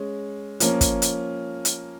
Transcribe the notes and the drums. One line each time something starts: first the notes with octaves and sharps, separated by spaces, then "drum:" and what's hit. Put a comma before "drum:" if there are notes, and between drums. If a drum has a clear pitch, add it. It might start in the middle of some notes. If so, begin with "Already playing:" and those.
Already playing: G#3 C#4
F3 A#3 C#4, drum: hi-hat
drum: kick, hi-hat
drum: hi-hat
drum: hi-hat